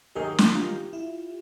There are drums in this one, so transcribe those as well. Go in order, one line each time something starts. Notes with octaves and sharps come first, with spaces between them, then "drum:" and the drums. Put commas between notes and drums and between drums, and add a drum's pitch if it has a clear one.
D#3 F#3 A#3 D#4 G4 G#4
drum: snare
F4
E4